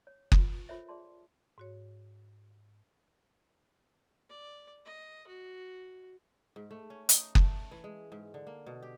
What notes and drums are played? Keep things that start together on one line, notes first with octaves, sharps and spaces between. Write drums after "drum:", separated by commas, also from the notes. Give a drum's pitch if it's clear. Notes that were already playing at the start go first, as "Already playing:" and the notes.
C#5
F4 B4, drum: kick F#1
F4 A4 A#4 C5 C#5 E5
G#4 D5 A5 C6
G#2 F#4 C#5
D5
D#5
F#4
G#2
A3
C#4
D#4, drum: hi-hat
A3, drum: kick F#1
E3
G#3
G#2
D3
A#3
B2
G4